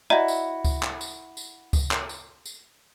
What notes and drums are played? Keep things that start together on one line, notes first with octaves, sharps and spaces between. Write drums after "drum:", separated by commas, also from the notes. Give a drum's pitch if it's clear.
E4 F#4 D5 D#5 A#5
drum: tambourine
drum: kick C#2, tambourine
drum: clap
drum: tambourine
drum: tambourine
drum: kick C#2, tambourine
drum: clap
drum: tambourine
drum: tambourine